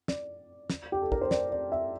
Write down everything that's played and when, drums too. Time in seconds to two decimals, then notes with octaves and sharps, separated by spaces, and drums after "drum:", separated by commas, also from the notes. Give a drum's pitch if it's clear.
0.08 D5, drum: snare
0.70 drum: snare
0.92 G4
1.02 A4
1.12 A#4, drum: kick
1.21 C5
1.31 D5, drum: snare
1.51 D5
1.72 E5